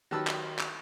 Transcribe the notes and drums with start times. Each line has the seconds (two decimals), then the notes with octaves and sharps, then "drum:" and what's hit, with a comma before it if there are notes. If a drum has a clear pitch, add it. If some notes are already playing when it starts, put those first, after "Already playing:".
0.11 D#3 F#3 G4 B4 A5 E6
0.27 drum: clap
0.59 drum: clap